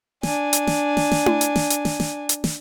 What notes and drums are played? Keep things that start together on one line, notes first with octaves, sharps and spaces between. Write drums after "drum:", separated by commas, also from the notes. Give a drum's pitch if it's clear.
D4 G#5, drum: snare
drum: hi-hat
drum: snare
drum: snare
drum: snare
drum: tom E4
drum: hi-hat
drum: snare
drum: hi-hat
drum: snare
drum: snare
drum: hi-hat
drum: snare